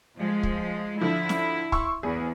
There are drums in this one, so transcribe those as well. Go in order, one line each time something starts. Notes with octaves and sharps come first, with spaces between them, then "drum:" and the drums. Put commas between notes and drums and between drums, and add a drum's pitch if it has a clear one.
F3 G#3
drum: kick
D3 F3 E4
drum: snare
C6 C#6 E6, drum: kick
E2 G#4